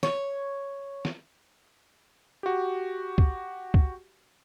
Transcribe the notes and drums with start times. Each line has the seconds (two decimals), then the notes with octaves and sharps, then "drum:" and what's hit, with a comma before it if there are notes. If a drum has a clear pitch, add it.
0.03 C#5, drum: snare
1.05 drum: snare
2.43 F#4 G4
3.18 drum: kick
3.74 drum: kick